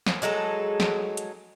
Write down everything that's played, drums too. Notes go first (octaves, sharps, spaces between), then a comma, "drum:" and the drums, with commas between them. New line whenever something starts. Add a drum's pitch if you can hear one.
drum: snare
F#3 G#3 D#4 A4
drum: snare
drum: hi-hat